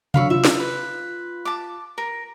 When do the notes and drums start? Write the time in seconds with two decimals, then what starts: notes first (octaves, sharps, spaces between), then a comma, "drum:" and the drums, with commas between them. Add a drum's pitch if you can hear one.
0.14 D3 F#3 F5 B5 C#6 E6, drum: tom C3
0.30 F4 E5
0.45 drum: snare
0.60 B4
1.45 A5 D6
1.98 A#4